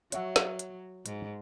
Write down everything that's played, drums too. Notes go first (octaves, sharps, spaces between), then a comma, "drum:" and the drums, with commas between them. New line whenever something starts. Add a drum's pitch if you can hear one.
F#3 C#5 E5 F#5, drum: hi-hat
drum: snare
drum: hi-hat
G#2, drum: hi-hat